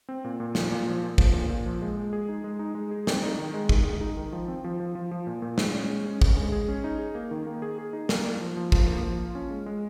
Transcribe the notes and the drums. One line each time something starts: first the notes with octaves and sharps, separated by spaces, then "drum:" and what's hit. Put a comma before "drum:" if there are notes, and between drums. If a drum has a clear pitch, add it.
C4
A#2
A#2
F3, drum: snare
A#2
F3
A#2
F3, drum: kick
A#2
A#2
F3
G#3
G#3
G#4
D#4
G#3
D#4
G#3
G#4
C4, drum: snare
D#4
D#3
G#3
D#3, drum: kick
G#3
D#4
D#3
F3
C4
F3
F3
F3
F3
A#2
A#2
G#3, drum: snare
C#4
G#3
C#4
C#4, drum: kick
G#3
G#4
C#4
D#4
G#4
A#3
D#3
A#3
G#4
G#4
D#4
A#3, drum: snare
A#3
F3
F3
F3, drum: kick
A#3
F3
F4
C#4
G#3
G#3